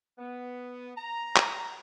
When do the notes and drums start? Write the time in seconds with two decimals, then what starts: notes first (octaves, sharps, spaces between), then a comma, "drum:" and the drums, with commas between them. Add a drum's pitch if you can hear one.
0.18 B3
0.97 A#5
1.36 drum: clap